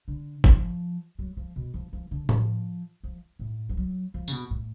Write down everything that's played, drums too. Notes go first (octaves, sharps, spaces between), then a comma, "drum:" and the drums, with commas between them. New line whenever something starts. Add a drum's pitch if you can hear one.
D3
F3, drum: kick G1
F#3
F3
B2
F3
F3
D3
F3, drum: tom A2
F3
A2
F3
F#3
F3
C#3, drum: tambourine
B2
A2